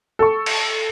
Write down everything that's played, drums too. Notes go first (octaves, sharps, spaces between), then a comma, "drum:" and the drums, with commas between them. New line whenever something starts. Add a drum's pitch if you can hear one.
A4 C#6
drum: cymbal